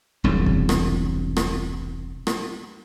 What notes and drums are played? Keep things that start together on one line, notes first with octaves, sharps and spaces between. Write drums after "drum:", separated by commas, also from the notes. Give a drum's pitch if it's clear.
E1 C2 G#2 F#3
drum: kick
drum: rim click
drum: rim click
drum: rim click